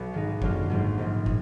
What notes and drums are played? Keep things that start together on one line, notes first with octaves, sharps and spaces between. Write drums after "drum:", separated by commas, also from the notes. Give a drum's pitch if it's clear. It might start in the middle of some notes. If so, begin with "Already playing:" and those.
Already playing: B1 B2
G#2 D#3 G#3 D#4
F#2 D3 F#3 A#3 F4, drum: kick
G#1 G#2 F#3
A#1 G#2 F3
A#2, drum: kick